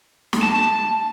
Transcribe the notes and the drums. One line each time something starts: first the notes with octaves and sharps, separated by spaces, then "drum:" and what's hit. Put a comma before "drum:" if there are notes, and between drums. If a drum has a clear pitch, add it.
drum: snare
A5